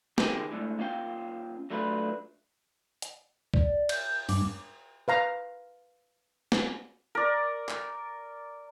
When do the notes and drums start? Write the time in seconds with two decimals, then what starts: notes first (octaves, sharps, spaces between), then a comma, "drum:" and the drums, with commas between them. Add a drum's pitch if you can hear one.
0.18 C#2 D#3 G#3 G4 G#5, drum: snare
0.51 A2 D3 F3 G#3
0.79 A#3 C#4 F4 F5 G5
1.70 F#3 A3 D4 F4 A#4 B4
3.02 drum: hi-hat
3.54 D5, drum: kick C2
3.89 G6, drum: cymbal
4.29 G2 D6, drum: open hi-hat
5.08 B4 F5 A#5
6.52 drum: snare
7.15 A#4 D5
7.69 drum: clap